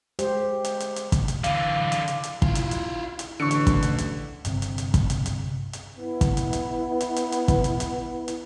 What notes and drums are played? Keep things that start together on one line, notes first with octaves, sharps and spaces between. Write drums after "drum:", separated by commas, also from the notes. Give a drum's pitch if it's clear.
G#3 G4 C5, drum: hi-hat
drum: hi-hat
drum: hi-hat
drum: hi-hat
drum: kick, hi-hat
drum: hi-hat
D3 E3 F5, drum: hi-hat
drum: hi-hat
drum: hi-hat
drum: hi-hat
E4 F4, drum: kick
drum: hi-hat
drum: hi-hat
drum: hi-hat
A1 D3 C#6 C#7
drum: hi-hat
drum: kick, hi-hat
drum: hi-hat
drum: hi-hat
G1 C3, drum: hi-hat
drum: hi-hat
drum: hi-hat
drum: kick, hi-hat
drum: hi-hat
drum: hi-hat
drum: hi-hat
B3 E4
drum: kick, hi-hat
drum: hi-hat
drum: hi-hat
drum: hi-hat
drum: hi-hat
drum: hi-hat
drum: kick, hi-hat
drum: hi-hat
drum: hi-hat
drum: hi-hat